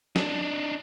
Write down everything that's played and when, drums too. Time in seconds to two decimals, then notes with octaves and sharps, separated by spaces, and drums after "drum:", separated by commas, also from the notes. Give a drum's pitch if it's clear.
0.16 D4 D#4, drum: snare